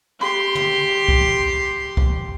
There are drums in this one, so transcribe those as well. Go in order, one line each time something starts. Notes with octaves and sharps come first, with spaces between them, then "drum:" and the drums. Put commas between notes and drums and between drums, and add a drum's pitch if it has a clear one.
G4 C6
drum: tom
drum: kick C2
drum: kick C2